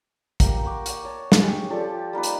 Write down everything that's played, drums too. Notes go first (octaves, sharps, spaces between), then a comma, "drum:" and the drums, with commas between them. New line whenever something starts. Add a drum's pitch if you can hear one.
A#3 G4 A#4, drum: kick, hi-hat
F#5 G5 C#6 D6
drum: hi-hat
C#5 A5
drum: snare
C#4 G4 G#4
F3 G4 A4 D5
G3 A#3 D#4 B4
drum: hi-hat